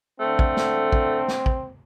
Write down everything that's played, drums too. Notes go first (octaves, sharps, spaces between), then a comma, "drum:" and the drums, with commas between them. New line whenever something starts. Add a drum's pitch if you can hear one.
D3 A3 C4
drum: kick
drum: snare
drum: kick
drum: snare
drum: kick